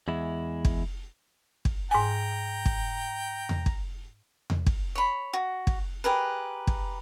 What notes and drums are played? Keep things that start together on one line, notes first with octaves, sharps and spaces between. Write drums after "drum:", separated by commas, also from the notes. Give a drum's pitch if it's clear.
E2 G#3 E4
drum: kick
drum: kick
G#2 G5 G#5 A#5
drum: kick
drum: tom E2
drum: kick
drum: tom E2
drum: kick
C#5 B5
F#4
drum: kick
G4 G#4 A#4 B4
drum: kick